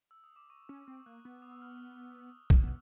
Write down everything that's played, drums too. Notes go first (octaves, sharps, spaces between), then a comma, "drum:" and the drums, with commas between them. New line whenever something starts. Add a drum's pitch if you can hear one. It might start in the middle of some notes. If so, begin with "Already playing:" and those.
E6
D#6
D6
C#6
C#4
C4 E6
A#3 F#6
B3 F#6
D#6
E6
F6
drum: kick A#1
B3